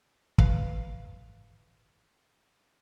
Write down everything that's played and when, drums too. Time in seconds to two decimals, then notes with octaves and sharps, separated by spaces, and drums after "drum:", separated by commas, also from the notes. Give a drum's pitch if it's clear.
0.38 B4 F5, drum: kick